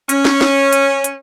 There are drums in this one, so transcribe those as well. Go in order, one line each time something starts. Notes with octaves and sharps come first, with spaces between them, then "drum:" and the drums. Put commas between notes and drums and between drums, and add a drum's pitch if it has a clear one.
C#4, drum: hi-hat
drum: snare
drum: snare
drum: hi-hat
drum: hi-hat